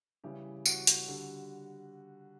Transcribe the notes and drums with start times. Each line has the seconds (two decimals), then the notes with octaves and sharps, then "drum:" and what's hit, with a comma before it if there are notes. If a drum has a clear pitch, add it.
0.24 C#3 E3 G3 G4
0.66 F#4, drum: tambourine
0.87 drum: hi-hat
1.07 D3 G3